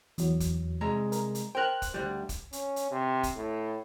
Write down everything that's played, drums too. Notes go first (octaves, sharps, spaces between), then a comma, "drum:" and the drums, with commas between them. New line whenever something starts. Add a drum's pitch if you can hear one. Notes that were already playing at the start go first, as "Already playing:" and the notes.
E2 F#3, drum: hi-hat
drum: kick, hi-hat
C2 G#3 A#5
A#4, drum: hi-hat
drum: hi-hat
A#4 C5 G5 F#6
drum: kick, hi-hat
D2 G3
drum: kick, hi-hat
C#4, drum: hi-hat
drum: hi-hat
C3
drum: kick, hi-hat
A2